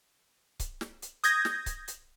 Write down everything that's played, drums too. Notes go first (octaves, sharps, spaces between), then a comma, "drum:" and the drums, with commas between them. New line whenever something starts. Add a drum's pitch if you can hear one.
drum: kick C#1, hi-hat
drum: snare
drum: hi-hat
D#6 G6 G#6 A#6, drum: hi-hat
drum: snare
drum: kick C#1, hi-hat
drum: hi-hat